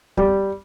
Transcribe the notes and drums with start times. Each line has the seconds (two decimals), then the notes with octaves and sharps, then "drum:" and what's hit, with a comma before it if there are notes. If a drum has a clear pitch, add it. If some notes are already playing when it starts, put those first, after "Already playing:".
0.17 G3, drum: kick